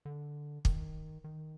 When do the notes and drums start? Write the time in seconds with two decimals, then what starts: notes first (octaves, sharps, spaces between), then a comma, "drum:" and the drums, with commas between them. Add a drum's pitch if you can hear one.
0.05 D3
0.65 D#3, drum: kick
1.24 D#3